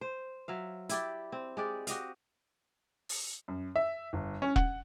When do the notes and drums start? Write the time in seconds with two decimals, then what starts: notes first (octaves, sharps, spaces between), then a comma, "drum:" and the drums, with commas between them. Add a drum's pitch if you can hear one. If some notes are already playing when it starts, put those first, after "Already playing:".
0.01 C5
0.48 F#3 E5 F5
0.89 E4 G4 D5, drum: hi-hat
1.32 C4
1.57 G#3 G4 D5
1.87 F#4 G4 D#5 F5, drum: hi-hat
3.09 drum: open hi-hat
3.48 F#2
3.76 E5
4.13 G1
4.42 C#4
4.56 F#5, drum: kick E1